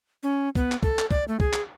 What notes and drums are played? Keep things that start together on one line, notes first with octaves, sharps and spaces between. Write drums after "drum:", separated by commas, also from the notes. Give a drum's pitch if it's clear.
C#4
B3, drum: kick
drum: clap
A4, drum: kick
drum: clap
D5, drum: kick
A3
G#4, drum: kick
drum: clap